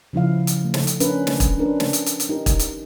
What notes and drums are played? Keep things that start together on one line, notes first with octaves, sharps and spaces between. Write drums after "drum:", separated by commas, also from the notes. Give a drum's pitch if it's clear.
C#3 F3 E4 F5
drum: hi-hat
A3
drum: snare
drum: hi-hat
C#4 D4 A#4 B4, drum: hi-hat
drum: snare
drum: kick, hi-hat
C#4 D4 A#4 B4
drum: snare
drum: hi-hat
drum: hi-hat
drum: hi-hat
D#4 G4 A#4
drum: kick, hi-hat
drum: hi-hat